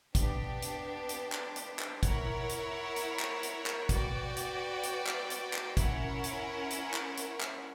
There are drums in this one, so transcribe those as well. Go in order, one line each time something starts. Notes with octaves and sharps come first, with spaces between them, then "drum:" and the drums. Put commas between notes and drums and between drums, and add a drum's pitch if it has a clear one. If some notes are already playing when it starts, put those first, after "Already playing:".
B3 D4 G4, drum: kick, hi-hat
drum: hi-hat
drum: hi-hat
drum: clap
drum: hi-hat
drum: clap
E4 A#4 C#5 F#5, drum: kick, hi-hat
drum: hi-hat
drum: hi-hat
drum: clap
drum: hi-hat
drum: clap
F#4 B4 D5 G5, drum: kick, hi-hat
drum: hi-hat
drum: hi-hat
drum: clap
drum: hi-hat
drum: clap
C#4 E4 A#4 C#5 F#5, drum: kick, hi-hat
drum: hi-hat
drum: hi-hat
drum: clap
drum: hi-hat
drum: clap